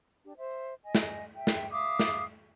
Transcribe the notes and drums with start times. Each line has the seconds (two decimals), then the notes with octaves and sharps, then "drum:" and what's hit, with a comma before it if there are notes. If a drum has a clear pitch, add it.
0.24 D4 G4
0.37 C5 E5
0.83 D#5 G#5
0.95 drum: snare
1.34 E5 G5
1.47 drum: snare
1.72 E5 F5 D6 D#6
1.99 drum: snare